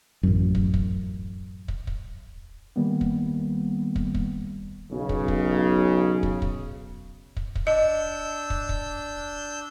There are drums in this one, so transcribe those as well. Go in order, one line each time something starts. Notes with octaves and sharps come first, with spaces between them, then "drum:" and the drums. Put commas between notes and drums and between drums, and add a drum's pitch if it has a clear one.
A1 F#2
drum: kick
drum: kick
drum: kick
drum: kick
D#3 G3 A#3 B3
drum: kick
drum: kick
drum: kick
B1 C#3
drum: kick
drum: kick
drum: kick
drum: kick
drum: kick
drum: kick
D4 D#5 E6 G6
drum: kick
drum: kick